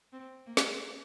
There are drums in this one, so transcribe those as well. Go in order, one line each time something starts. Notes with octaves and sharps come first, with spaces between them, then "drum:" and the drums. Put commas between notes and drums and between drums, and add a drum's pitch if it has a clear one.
C4
A#3
drum: snare